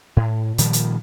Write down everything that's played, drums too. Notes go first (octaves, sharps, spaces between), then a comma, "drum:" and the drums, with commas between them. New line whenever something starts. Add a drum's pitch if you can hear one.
A2
A#2 D#3 F3 G3, drum: hi-hat
drum: hi-hat